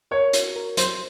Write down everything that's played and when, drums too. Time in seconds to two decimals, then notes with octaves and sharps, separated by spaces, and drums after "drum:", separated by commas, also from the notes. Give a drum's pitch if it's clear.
0.11 A#4 C#5
0.33 F#4, drum: hi-hat
0.56 A#4
0.77 F#3 C5, drum: hi-hat